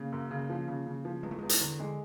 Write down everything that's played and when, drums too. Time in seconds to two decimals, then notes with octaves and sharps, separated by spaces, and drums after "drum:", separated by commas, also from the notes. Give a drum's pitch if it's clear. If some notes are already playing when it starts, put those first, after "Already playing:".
Already playing: C#3 A#3
0.12 F#2
0.31 C#3
0.50 F3
0.68 C#3
0.86 C#3
1.05 F3
1.23 E2 G#3
1.31 A3
1.38 E2 G#3
1.49 drum: hi-hat
1.61 E2 D3
1.80 G#3